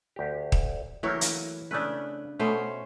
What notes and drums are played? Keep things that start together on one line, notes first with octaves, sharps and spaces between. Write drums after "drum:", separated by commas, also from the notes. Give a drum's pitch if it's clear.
D2 G4
drum: kick D#1
E3 F#3 A3 A#3 C#5
drum: hi-hat
C#3 A3 C#4 D4 B4
B2 A3 C#4 C5